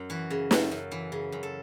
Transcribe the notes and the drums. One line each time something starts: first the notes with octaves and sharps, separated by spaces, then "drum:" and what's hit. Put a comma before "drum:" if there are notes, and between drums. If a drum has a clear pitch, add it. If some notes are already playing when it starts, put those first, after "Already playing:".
Already playing: F#2
E3 F#4
C#3
F#2 A4, drum: snare
F#2
E3
C#3
F#2
A4